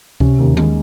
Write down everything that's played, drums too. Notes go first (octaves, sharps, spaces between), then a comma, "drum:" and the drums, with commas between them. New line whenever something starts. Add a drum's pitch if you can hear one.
C3 C#4, drum: kick C#2
D#2
G#3, drum: tom D#3